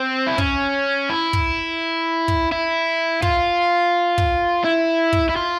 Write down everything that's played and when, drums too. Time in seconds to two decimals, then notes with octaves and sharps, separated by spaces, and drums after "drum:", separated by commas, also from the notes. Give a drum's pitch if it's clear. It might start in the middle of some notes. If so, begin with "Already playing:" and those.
Already playing: C4
0.28 E4
0.38 C#4, drum: kick
1.10 E4
1.33 drum: kick
2.28 drum: kick
2.52 E4
3.22 F4, drum: kick
4.18 drum: kick
4.65 E4
5.13 drum: kick
5.29 E4
5.36 F4